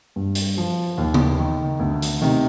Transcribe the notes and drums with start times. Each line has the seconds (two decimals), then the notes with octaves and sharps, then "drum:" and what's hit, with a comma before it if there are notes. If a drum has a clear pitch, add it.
0.16 G2
0.35 drum: hi-hat
0.58 F3
0.98 D#2
1.14 drum: tom C#3
1.39 D#3
1.80 D2
2.02 drum: hi-hat
2.22 C3 D#3